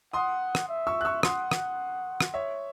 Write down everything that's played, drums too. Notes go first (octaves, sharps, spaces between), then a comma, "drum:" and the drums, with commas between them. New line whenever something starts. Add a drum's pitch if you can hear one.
F#5 C6 D#6
drum: rim click
E5
C#6 E6
F#6
C#6 E6
F#5 C6 D#6, drum: rim click
drum: rim click
drum: rim click
C#5 E5